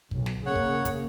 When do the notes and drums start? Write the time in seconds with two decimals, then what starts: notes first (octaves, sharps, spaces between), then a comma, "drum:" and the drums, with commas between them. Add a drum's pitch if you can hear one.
0.11 B1, drum: kick
0.26 drum: snare
0.46 C#3 A#3 C#5 F#5
0.56 drum: kick
0.85 drum: kick, hi-hat